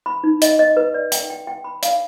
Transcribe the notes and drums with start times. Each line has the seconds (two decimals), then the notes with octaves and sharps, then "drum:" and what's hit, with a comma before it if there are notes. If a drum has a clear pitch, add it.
0.06 B5
0.24 D#4
0.42 D#5, drum: hi-hat
0.59 D#5
0.77 B4
0.94 D5
1.12 G5, drum: hi-hat
1.30 G5
1.47 G5
1.64 B5
1.83 F5, drum: hi-hat